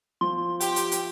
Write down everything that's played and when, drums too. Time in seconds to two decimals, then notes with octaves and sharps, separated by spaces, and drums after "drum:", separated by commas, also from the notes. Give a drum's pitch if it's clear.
0.21 F3 C6
0.61 G4, drum: hi-hat
0.76 drum: hi-hat
0.92 drum: hi-hat